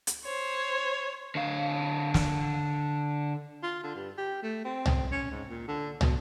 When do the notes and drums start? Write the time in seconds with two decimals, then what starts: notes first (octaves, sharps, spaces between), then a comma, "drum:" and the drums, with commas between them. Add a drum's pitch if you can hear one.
0.07 drum: hi-hat
0.25 C5 C#5
1.35 D3 F5
2.14 drum: snare
3.63 F4
3.84 D3
3.95 G2
4.18 G4
4.43 A3
4.65 C4
4.86 drum: tom
5.12 C#4
5.31 G#2
5.48 A#2
5.68 D3
6.01 B2, drum: tom